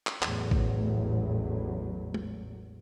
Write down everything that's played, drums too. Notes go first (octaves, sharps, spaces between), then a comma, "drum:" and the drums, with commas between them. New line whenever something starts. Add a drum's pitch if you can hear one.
drum: clap
A1 E2 A2 F#3, drum: clap
drum: kick A1
drum: tom G#3